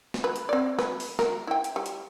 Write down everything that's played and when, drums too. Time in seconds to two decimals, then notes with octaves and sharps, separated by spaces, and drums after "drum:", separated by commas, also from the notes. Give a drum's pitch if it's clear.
0.14 drum: snare
0.24 B4
0.36 drum: hi-hat
0.49 C4 D5
0.79 B4, drum: snare
1.00 drum: open hi-hat
1.19 A#4, drum: snare
1.47 E4 G5
1.64 drum: hi-hat
1.76 G3
1.86 drum: hi-hat